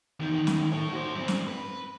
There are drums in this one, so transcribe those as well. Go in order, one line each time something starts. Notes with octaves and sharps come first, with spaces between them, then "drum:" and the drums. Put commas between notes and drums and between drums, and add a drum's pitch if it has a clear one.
E2 D#3
drum: snare
A3 C#5
F#4 C5
G2 C4
drum: snare
B4